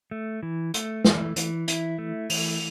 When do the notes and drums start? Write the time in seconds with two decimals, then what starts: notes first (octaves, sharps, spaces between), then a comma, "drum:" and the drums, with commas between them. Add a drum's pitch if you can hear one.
0.11 A3
0.43 E3
0.74 A3, drum: hi-hat
1.04 E3, drum: snare
1.36 E3, drum: hi-hat
1.68 E4, drum: hi-hat
1.98 A3
2.30 E3, drum: open hi-hat